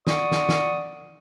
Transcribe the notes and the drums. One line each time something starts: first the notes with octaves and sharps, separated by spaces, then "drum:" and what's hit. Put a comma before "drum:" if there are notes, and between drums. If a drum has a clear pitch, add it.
D5 F#5 C#6 D#6, drum: snare
drum: snare
drum: snare